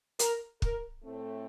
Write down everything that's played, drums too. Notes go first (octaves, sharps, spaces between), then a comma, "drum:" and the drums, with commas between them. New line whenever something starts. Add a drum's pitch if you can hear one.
A#4, drum: hi-hat
A#4, drum: kick
A2 A3 C4